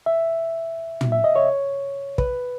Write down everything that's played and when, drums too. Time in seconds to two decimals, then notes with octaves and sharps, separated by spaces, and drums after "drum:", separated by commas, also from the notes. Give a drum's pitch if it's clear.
0.06 E5
1.01 drum: tom
1.12 E5
1.24 D#5
1.36 C#5
2.18 B4, drum: kick